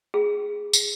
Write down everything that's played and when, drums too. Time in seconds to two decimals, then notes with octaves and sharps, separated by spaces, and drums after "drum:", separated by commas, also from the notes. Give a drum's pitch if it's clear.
0.14 G#4
0.73 drum: tambourine